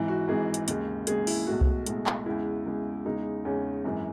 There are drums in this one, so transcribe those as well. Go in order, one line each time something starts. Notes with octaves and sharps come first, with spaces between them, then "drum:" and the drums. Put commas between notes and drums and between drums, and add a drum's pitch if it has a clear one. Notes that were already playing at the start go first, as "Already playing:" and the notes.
Already playing: G#1 G#2 E3
F#4
G#1 G#2 E3 G#4
drum: hi-hat
D#2 C#3 G#3, drum: hi-hat
D#2 C#3 G#3 G#4, drum: hi-hat
E4, drum: open hi-hat
B1 A2 G#3 F#4
drum: kick C2
B1 A2 G#3, drum: hi-hat
drum: clap
E2 C#3 G#3 E4
E2 C#3 G#3
E2 C#3 G#3 D#4
E2 C#3 G#3 C#4
G#1 F#2 E3 G#3